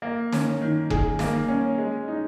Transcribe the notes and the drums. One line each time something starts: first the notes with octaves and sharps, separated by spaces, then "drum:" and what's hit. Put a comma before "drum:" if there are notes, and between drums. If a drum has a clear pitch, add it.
A#3
C#4, drum: snare
D#3
G#4, drum: kick F1
A#3, drum: snare
C#4
G#3
D#4